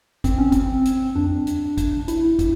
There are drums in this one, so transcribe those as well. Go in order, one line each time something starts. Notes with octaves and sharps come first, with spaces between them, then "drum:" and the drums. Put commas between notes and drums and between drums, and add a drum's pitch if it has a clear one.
C4, drum: kick, hi-hat
C#4
C4, drum: kick, hi-hat
drum: hi-hat
D4, drum: tom F2
drum: hi-hat
drum: kick, hi-hat
E4, drum: hi-hat
drum: kick, hi-hat